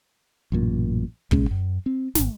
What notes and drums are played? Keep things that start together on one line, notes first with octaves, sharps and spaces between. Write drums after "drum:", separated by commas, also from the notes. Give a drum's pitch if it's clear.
A1 F#2 A#2
C2 A#2 G#3 C#4, drum: kick
F#2
C4
D#1 G#1, drum: snare